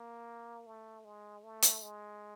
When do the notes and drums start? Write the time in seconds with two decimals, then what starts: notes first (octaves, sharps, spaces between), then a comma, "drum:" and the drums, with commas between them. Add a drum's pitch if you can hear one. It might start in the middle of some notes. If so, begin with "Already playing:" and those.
Already playing: A#3
0.66 A3
1.05 G#3
1.43 A3
1.62 drum: hi-hat
1.82 G#3